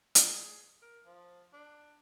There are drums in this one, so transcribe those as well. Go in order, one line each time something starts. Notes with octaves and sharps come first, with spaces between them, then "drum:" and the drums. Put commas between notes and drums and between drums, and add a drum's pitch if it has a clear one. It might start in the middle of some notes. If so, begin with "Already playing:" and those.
drum: hi-hat
G#4
A#4
F3
D4